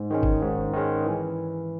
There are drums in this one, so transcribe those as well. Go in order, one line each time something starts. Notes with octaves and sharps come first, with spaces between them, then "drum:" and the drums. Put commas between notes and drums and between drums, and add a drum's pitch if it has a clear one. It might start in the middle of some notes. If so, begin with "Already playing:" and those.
Already playing: G#2
D#3 G#3 C#4
drum: kick
G#2
D#3 G#3 C#4
E3